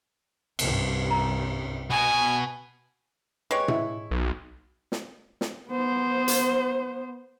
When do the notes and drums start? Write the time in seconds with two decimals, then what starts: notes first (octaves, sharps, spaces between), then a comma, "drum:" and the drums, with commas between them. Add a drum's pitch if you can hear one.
0.59 C2 G2, drum: cymbal
1.11 A#4 A#5
1.90 B2 G#5
3.51 G#3 G4 B4 C#5
3.68 E4, drum: tom
4.11 B1
4.92 drum: snare
5.41 drum: snare
5.69 B3 C5
6.28 drum: hi-hat